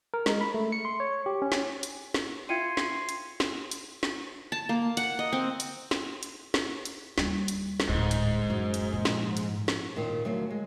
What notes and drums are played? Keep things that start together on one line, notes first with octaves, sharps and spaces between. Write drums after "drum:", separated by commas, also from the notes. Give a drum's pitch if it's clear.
A#4
G#3, drum: snare
B5
A3
C#7
C6
C#5
G4
C#4
drum: snare
drum: hi-hat
drum: snare
E4 F4 G5 C6 G#6 C#7 D#7
drum: snare
drum: hi-hat
drum: snare
drum: hi-hat
drum: snare
A5
A#3
F#5, drum: hi-hat
D#5
C4
drum: hi-hat
drum: snare
drum: hi-hat
drum: snare
drum: hi-hat
D#2 G3, drum: snare
drum: hi-hat
drum: snare
D1 G#2
drum: hi-hat
F#2
drum: hi-hat
A#2 F3
drum: snare
drum: hi-hat
drum: snare
D#2 A#2 D#3
D2 F#3 A#3
G#3